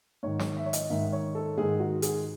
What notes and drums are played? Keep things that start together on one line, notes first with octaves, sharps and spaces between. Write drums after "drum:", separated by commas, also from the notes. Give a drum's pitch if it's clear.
G#2 D#3 C#5
C#5, drum: snare
E5
C#5
D#5, drum: hi-hat
G#2 D#3 E5
C#5
A4
G#2 D#3 G#4
F#4
G#4, drum: hi-hat